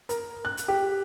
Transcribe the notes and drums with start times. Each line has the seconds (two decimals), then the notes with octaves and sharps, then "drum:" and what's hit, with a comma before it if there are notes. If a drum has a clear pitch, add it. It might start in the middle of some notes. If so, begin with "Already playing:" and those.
0.09 A#4, drum: hi-hat
0.45 F#6
0.57 drum: hi-hat
0.68 G4